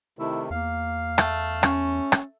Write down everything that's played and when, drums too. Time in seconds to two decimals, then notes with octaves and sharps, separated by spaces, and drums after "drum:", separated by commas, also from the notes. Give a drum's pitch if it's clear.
0.19 C3 D#3 A3 E4
0.51 E2 A#3 F5
1.18 A3, drum: rim click
1.63 C#4, drum: rim click
2.12 drum: rim click